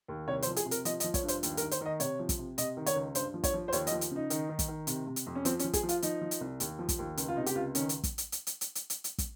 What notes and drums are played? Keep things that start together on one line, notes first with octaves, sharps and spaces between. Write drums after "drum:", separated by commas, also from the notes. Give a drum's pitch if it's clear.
D#2
C2 C#5
C5, drum: hi-hat
F3
G#4, drum: hi-hat
C3
A#4, drum: hi-hat
F3 D#5, drum: hi-hat
D#5, drum: hi-hat
F3
C#5, drum: kick, hi-hat
G2
C5, drum: hi-hat
D#2, drum: hi-hat
A#4, drum: hi-hat
D#3
C5, drum: hi-hat
D#3 D#5
C3 C#5, drum: hi-hat
F3
drum: kick, hi-hat
C3
C3 D#5, drum: hi-hat
D#3
C#5, drum: hi-hat
C#2
G2 C5, drum: hi-hat
F3
C#5, drum: kick, hi-hat
F3
C5
D#2 C#5, drum: hi-hat
D#5, drum: hi-hat
F3
drum: hi-hat
C#3 D#4
D#3, drum: hi-hat
D#3
drum: kick, hi-hat
D#3
C3, drum: hi-hat
C3
drum: hi-hat
F2
C#4
F3 C4, drum: hi-hat
C#4, drum: hi-hat
F3
G#4, drum: kick, hi-hat
F3
F4, drum: hi-hat
F3 D#4, drum: hi-hat
F3
drum: hi-hat
C2
D#2, drum: hi-hat
F3
drum: kick, hi-hat
D#2
C#2, drum: hi-hat
F4
C3 D#4
G4, drum: hi-hat
C#2 F4
D#3 C#4, drum: hi-hat
drum: hi-hat
drum: kick, hi-hat
drum: hi-hat
drum: hi-hat
drum: hi-hat
drum: hi-hat
drum: hi-hat
drum: hi-hat
drum: hi-hat
drum: kick, hi-hat